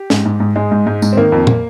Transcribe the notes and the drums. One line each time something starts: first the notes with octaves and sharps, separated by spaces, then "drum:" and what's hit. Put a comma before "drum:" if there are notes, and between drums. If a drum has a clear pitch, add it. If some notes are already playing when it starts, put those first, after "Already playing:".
Already playing: G4
G#2, drum: snare
G#2
G#2
G#2 G#3
G#2
G#2
G#2, drum: tambourine
C4
D#3 A#3
F2
drum: tom